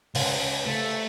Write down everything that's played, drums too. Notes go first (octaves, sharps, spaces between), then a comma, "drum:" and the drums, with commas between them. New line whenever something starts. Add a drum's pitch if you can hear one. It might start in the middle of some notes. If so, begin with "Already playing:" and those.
C#2, drum: open hi-hat
A3